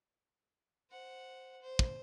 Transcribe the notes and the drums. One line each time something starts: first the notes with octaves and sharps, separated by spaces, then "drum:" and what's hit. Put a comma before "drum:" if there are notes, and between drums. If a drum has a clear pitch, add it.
C5 F#5
C5
drum: kick